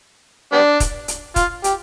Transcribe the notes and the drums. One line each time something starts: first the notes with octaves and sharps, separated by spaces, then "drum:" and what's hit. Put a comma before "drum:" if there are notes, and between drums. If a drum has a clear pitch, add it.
G3 B3 D4
drum: kick, hi-hat
drum: hi-hat
F4, drum: kick, hi-hat
G4, drum: hi-hat